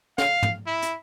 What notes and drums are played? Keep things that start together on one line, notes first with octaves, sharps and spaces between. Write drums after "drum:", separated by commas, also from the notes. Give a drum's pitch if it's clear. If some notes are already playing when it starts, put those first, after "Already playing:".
F5, drum: snare
drum: tom
E4
drum: hi-hat